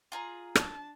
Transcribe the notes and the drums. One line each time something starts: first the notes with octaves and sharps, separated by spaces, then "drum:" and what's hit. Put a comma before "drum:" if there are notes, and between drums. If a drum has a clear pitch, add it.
F4 G#4 A#5
D4 A5, drum: rim click